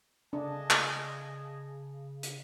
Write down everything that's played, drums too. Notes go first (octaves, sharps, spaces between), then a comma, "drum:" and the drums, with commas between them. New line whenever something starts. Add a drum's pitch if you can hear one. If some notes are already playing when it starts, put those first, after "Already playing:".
C#3 D4 D#5 G#5 A5
drum: clap
drum: hi-hat